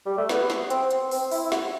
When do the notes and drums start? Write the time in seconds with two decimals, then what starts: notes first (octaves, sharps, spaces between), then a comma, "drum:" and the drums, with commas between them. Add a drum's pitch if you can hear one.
0.06 G3
0.18 A3
0.29 B3, drum: snare
0.50 drum: snare
0.70 C4, drum: hi-hat
0.91 drum: hi-hat
1.11 C4, drum: open hi-hat
1.31 E4, drum: open hi-hat
1.45 E4
1.52 F#4, drum: snare